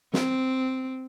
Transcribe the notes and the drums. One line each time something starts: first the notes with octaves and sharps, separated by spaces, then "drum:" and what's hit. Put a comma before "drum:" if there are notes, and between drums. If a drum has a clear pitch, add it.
C4, drum: snare